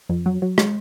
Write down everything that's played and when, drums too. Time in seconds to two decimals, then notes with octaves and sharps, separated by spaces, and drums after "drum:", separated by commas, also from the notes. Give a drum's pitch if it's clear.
0.09 F2
0.26 F#3
0.42 F#3
0.58 G#3, drum: rim click